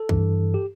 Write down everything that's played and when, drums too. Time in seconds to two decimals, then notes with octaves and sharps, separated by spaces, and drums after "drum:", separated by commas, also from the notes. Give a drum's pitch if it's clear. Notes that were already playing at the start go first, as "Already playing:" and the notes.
Already playing: A4
0.09 G2 E3, drum: kick
0.54 G4